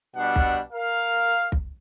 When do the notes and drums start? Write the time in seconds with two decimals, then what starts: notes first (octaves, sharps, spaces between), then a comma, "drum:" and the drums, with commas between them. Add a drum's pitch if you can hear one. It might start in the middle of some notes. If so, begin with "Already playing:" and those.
0.16 B2 G3 D4 F#5
0.36 drum: kick
0.73 A#4 F5
1.52 drum: kick